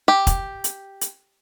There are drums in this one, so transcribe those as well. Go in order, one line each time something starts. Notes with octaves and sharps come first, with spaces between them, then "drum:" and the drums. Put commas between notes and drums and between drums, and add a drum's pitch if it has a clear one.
G4
drum: kick, hi-hat
drum: hi-hat
drum: hi-hat